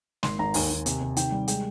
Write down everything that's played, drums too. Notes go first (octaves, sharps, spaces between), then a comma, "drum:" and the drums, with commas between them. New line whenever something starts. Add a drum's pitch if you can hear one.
G#1 C6, drum: snare
G#1 A#5
D#2 G#5, drum: open hi-hat
D#2
C3, drum: hi-hat
C3
D#3 G5, drum: hi-hat
G3
G#3 G5, drum: hi-hat